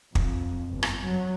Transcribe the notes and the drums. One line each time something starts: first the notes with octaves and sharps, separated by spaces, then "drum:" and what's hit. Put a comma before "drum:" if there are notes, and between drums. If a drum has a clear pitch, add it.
F2, drum: kick
G1
drum: rim click
F#3